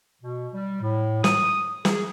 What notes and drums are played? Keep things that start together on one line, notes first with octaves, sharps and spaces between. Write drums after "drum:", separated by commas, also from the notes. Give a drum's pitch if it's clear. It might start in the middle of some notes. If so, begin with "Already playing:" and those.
B2
G3
A2
D#6, drum: snare
G#4, drum: snare